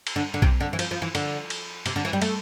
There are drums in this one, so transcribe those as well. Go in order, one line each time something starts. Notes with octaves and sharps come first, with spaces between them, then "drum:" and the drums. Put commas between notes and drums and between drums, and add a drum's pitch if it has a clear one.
drum: cymbal
D3
D3
C3, drum: kick B1
D3
E3
F3, drum: cymbal
F3
E3
D3, drum: cymbal
drum: cymbal
C3, drum: cymbal
D3
E3
G3
A3, drum: cymbal